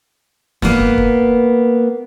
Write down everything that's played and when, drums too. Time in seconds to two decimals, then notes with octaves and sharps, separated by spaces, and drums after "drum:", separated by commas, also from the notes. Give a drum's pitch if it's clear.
0.62 A#3 B3, drum: snare
0.80 drum: kick
0.98 drum: kick